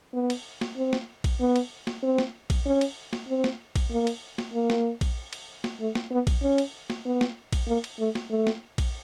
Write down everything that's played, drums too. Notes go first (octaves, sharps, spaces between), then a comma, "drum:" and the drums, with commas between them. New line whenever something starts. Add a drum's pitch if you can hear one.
B3
drum: cymbal
drum: snare A#3
C4
drum: snare A#3
drum: kick A#1, cymbal
B3
drum: cymbal
drum: snare A#3
C4
drum: snare A#3
drum: kick A#1, cymbal
C#4
drum: cymbal
drum: snare A#3
C4
drum: snare A#3
drum: kick A#1, cymbal
A#3
drum: cymbal
drum: snare A#3
A#3
drum: snare A#3
drum: kick A#1, cymbal
drum: cymbal
drum: snare A#3
A3
drum: snare A#3
B3
drum: kick A#1, cymbal
C#4
drum: cymbal
drum: snare A#3
B3
drum: snare A#3
drum: kick A#1, cymbal
A#3
drum: cymbal
A3
drum: snare A#3
A3
drum: snare A#3
drum: kick A#1, cymbal